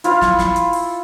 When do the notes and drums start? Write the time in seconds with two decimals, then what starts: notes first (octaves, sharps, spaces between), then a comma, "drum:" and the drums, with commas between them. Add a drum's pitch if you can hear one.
0.04 E4 F4 F5, drum: hi-hat
0.21 drum: snare
0.39 drum: snare
0.56 drum: hi-hat
0.73 drum: open hi-hat